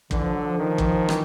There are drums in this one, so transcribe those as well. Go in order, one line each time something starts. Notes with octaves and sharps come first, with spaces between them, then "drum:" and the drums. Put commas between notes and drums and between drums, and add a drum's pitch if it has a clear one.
D3 E3, drum: kick
F3
F#3
F3
D#3 F3
E3, drum: kick
F3
E3, drum: rim click